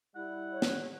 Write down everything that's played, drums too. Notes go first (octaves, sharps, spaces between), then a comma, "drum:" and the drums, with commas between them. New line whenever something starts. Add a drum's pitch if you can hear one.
G3 E4 F#5
C#5
drum: snare